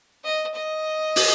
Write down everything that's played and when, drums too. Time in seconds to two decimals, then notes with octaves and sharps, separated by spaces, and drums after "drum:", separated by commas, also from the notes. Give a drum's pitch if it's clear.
0.24 D#5
0.55 D#5
1.16 drum: open hi-hat